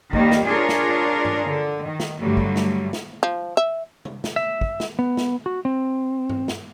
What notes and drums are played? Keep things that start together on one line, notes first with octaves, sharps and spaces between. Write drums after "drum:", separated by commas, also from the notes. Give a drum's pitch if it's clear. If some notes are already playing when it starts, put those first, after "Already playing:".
D#2 D#3 G3 A#3, drum: kick
drum: snare
D4 F4 G#4 A#4 C#5
drum: snare
drum: tom G2
D3
D#3
drum: snare
G2 D3 F#3 G3 A3
drum: kick
drum: snare
drum: snare
F3
E5
drum: tom C3
drum: snare
E5
drum: kick
drum: snare
B3
drum: snare
F#4
C4
drum: tom G2
drum: snare